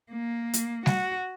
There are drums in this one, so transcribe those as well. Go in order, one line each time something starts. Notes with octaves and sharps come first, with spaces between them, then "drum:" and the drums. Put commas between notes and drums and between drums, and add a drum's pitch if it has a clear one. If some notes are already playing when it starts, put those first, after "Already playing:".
A#3
drum: hi-hat
F#4, drum: snare G3